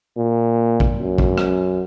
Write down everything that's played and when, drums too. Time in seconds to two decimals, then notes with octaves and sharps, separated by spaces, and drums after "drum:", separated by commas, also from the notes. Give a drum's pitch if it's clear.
0.18 A#2
0.80 drum: kick A#1
0.99 F#2
1.18 drum: kick A#1
1.38 drum: rim click